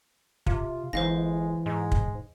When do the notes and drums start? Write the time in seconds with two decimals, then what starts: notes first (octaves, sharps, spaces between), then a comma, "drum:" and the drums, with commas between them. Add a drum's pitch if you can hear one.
0.46 C3 F4, drum: kick
0.93 G1 E3 G#3 C5 F5 A#6
1.66 G#2 G#3
1.92 drum: kick